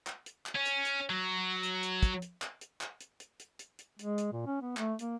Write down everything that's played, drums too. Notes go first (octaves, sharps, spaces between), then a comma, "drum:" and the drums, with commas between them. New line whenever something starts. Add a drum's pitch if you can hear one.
drum: clap
drum: hi-hat
drum: clap
C#4
drum: hi-hat
drum: hi-hat
F#3
drum: hi-hat
drum: hi-hat
drum: kick, hi-hat
drum: hi-hat
drum: clap
drum: hi-hat
drum: clap
drum: hi-hat
drum: hi-hat
drum: hi-hat
drum: hi-hat
drum: hi-hat
G#3, drum: hi-hat
drum: hi-hat
A#2
C#4
B3
A3, drum: clap
A#3, drum: hi-hat